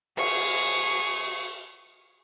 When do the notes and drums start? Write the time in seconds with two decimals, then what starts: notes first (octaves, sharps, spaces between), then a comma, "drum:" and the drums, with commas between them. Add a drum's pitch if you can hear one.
0.17 G#4 C#6, drum: cymbal